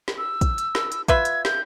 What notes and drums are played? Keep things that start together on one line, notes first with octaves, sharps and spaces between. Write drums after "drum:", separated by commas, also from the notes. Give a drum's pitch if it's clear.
drum: snare
E6
drum: kick, hi-hat
drum: hi-hat
drum: snare
drum: hi-hat
F4 B4 E5 G#6, drum: kick, hi-hat
drum: hi-hat
G6, drum: snare